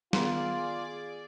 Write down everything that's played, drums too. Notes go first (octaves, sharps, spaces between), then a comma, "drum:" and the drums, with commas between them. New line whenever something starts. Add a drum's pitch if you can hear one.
D#3 B3 F4 G#4 D5 C6, drum: snare